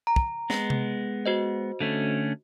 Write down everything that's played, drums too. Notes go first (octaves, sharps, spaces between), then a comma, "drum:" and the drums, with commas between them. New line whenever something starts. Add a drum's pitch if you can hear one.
A#5
drum: kick
G#3 B3, drum: snare
drum: tom C3
F#4 C5 D#5
D3 A3 C#4